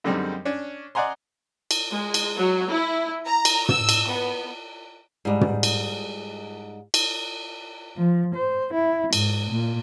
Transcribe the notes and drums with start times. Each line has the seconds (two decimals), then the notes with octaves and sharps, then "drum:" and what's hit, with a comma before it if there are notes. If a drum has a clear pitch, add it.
0.04 F#2 D3 G3 G#3 C4 D#4
0.45 C#4 D4 C#5
0.95 D5 D#5 F#5 G#5 A#5 C6
1.71 drum: cymbal
1.90 G#3
2.14 drum: cymbal
2.36 F#3
2.70 E4
3.27 A#5
3.45 drum: cymbal
3.69 E6, drum: tom
3.89 drum: cymbal
4.09 B3
5.25 G#2 G3
5.41 drum: tom
5.63 drum: cymbal
6.94 drum: cymbal
7.95 F3
8.34 C5
8.72 E4
9.13 G#2, drum: cymbal
9.49 A#2